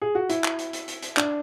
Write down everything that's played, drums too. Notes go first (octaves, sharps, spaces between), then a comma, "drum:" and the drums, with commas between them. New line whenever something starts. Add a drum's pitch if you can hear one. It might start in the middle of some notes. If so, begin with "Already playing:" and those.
G#4
F#4
E4, drum: hi-hat
drum: clap
drum: hi-hat
drum: hi-hat
drum: hi-hat
drum: hi-hat
D4, drum: clap